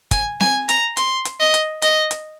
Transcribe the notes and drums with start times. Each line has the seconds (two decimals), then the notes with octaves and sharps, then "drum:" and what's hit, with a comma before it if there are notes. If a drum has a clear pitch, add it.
0.11 G#5, drum: kick G1, hi-hat
0.40 G#5, drum: snare C4
0.69 A#5, drum: hi-hat
0.97 C6, drum: hi-hat
1.25 drum: hi-hat
1.40 D#5
1.54 drum: hi-hat
1.82 D#5, drum: hi-hat
2.11 drum: hi-hat